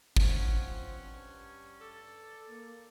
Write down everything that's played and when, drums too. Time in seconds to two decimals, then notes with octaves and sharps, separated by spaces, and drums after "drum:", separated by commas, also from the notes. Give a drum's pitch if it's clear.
0.16 F3 C4 C#4 F#5, drum: kick
0.98 G2
1.80 A4 D5
2.49 A#3